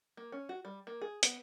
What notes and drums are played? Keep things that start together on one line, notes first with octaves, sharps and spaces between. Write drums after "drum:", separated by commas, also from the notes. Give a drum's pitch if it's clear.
A#3
C#4
F#4
G3
A#3
G#4
B3, drum: hi-hat